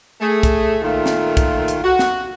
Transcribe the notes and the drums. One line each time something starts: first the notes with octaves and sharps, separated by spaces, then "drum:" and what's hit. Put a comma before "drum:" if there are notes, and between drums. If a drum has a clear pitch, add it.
A3 G#4
drum: kick, hi-hat
A#2 D#3 A3 F4
drum: snare
drum: kick, hi-hat
drum: hi-hat
F#4
drum: snare